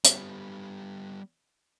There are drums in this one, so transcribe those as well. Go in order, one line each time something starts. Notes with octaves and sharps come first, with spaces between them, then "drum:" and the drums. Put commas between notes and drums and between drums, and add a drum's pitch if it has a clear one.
G3 B3, drum: hi-hat